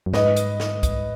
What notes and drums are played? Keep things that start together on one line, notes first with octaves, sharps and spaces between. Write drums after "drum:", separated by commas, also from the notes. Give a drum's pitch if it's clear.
F#2
G#2 B4 D#5, drum: snare
drum: hi-hat
drum: snare
drum: kick, hi-hat